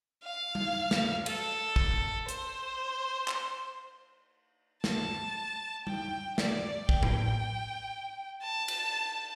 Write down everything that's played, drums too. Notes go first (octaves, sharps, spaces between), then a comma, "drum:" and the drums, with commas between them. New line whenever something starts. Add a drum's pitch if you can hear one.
F5
drum: tom G3
drum: snare
A4, drum: cymbal
drum: kick
C5, drum: hi-hat
drum: clap
A5, drum: snare
G5, drum: tom G3
D5, drum: snare
G5, drum: kick
drum: tom A2
A5
drum: cymbal